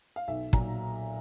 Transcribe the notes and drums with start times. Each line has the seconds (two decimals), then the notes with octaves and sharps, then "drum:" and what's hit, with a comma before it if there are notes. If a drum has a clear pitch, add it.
0.16 F5
0.28 B1 E5
0.53 A#2 F#3 A#5, drum: kick